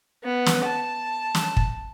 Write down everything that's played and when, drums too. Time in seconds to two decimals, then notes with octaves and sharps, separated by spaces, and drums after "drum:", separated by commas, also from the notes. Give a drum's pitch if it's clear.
0.24 B3
0.46 drum: snare
0.65 A5
1.35 drum: snare
1.57 drum: kick